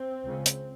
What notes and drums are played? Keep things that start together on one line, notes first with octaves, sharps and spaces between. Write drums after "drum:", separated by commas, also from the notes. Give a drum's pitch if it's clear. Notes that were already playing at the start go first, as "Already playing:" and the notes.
Already playing: C4
C#2 C#3
drum: hi-hat